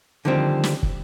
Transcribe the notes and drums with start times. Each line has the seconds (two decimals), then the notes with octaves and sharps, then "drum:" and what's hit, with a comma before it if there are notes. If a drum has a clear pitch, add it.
0.25 D3 D#3 F3 G3 C4
0.63 drum: snare
0.83 drum: kick